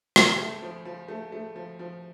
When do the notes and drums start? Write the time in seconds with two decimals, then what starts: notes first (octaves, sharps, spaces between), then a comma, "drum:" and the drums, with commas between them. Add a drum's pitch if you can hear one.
0.16 C#2, drum: rim click
0.38 A3
0.62 F3
0.85 F3
1.08 A3
1.32 A3
1.56 F3
1.79 F3